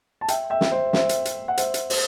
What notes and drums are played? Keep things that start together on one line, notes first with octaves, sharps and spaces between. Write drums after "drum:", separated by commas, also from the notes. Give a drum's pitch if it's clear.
A5
E5 G5, drum: hi-hat
E5 G5
drum: snare
C5 E5
C5 E5, drum: snare
drum: hi-hat
drum: hi-hat
F#5
C5 E5, drum: hi-hat
drum: hi-hat
C5, drum: open hi-hat